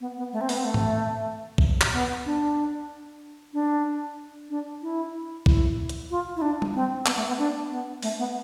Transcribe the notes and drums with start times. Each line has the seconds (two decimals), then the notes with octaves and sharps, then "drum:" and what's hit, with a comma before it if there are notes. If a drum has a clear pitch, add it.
0.01 B3
0.17 B3
0.33 A3
0.41 C4
0.49 B3, drum: open hi-hat
0.57 C4
0.65 A3
0.74 drum: tom G#2
1.58 drum: kick
1.81 drum: clap
1.93 B3
2.26 D4
3.53 D4
4.50 D4
4.82 E4
5.46 E4, drum: kick
5.89 drum: hi-hat
6.11 F4
6.36 E4
6.42 D4
6.62 drum: tom G3
6.74 C4
7.06 B3, drum: clap
7.17 A3
7.28 B3
7.38 D4
7.70 B3
8.02 A3, drum: open hi-hat
8.18 B3